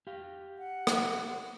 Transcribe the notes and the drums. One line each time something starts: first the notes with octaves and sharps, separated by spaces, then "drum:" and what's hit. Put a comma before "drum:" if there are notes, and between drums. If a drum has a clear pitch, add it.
G4 F5
F#5
drum: rim click